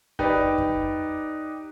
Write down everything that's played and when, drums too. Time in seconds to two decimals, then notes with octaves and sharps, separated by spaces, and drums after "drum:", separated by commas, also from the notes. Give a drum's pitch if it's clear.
0.19 D#4 G4 B4 D5, drum: kick F2
0.58 drum: kick F2